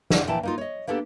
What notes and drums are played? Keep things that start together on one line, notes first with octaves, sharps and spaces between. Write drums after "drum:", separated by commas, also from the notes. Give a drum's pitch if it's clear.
D3, drum: snare
A#2 E3 G5 A5
A#3 D#4 F4
C#5 D#5
A#3 B3 D4 G4 A4